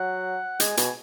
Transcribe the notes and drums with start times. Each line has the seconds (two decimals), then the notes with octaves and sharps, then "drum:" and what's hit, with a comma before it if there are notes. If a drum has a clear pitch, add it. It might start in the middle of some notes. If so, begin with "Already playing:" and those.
Already playing: F#3 F#5
0.60 G#3 G#5, drum: hi-hat
0.77 B2, drum: hi-hat